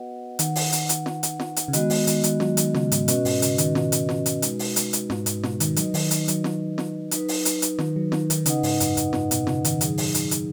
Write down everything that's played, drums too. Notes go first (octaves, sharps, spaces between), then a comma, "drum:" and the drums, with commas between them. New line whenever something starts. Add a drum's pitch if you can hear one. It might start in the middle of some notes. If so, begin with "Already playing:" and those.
Already playing: B3 F#4 B4 D#5 F#5
D#3 D#4 B4 F#5, drum: hi-hat
drum: open hi-hat
drum: hi-hat
drum: hi-hat
drum: snare
drum: hi-hat
drum: snare
drum: hi-hat
C#3
D#3 G#3 B3 F#4 D#5, drum: hi-hat
D#3, drum: open hi-hat
D#3, drum: hi-hat
D#3, drum: hi-hat
F#3, drum: snare
D#3, drum: hi-hat
C#3, drum: snare
G#2, drum: hi-hat
B2 C#4 F#4 B4 D#5, drum: hi-hat
G#2, drum: open hi-hat
C#3, drum: hi-hat
D#3, drum: hi-hat
B2, drum: snare
drum: hi-hat
drum: snare
drum: hi-hat
G#3 D#4 F#4 B4, drum: hi-hat
drum: open hi-hat
drum: hi-hat
drum: hi-hat
G#2, drum: snare
G#2, drum: hi-hat
B2, drum: snare
D#3, drum: hi-hat
F#3 D#4 B4 D#5, drum: hi-hat
D#3, drum: open hi-hat
drum: hi-hat
F#3, drum: hi-hat
drum: snare
drum: snare
F#3 D#4 B4, drum: hi-hat
drum: open hi-hat
drum: hi-hat
drum: hi-hat
D#3, drum: snare
F#3
D#3, drum: snare
D#3, drum: hi-hat
C#3 D#4 B4 D#5 F#5, drum: hi-hat
G#2, drum: open hi-hat
F#2, drum: hi-hat
F#2, drum: hi-hat
G#2, drum: snare
B2, drum: hi-hat
C#3, drum: snare
D#3, drum: hi-hat
F#3 D#4 G#4, drum: hi-hat
drum: open hi-hat
drum: hi-hat
drum: hi-hat